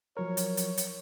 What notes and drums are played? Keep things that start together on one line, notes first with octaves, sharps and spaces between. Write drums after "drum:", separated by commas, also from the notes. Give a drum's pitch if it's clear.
F3 F#3 A#4 C#5
drum: hi-hat
drum: hi-hat
drum: hi-hat